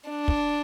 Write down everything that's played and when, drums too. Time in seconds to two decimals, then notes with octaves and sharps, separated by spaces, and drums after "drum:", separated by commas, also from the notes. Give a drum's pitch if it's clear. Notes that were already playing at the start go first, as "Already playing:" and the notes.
0.09 D4
0.28 drum: kick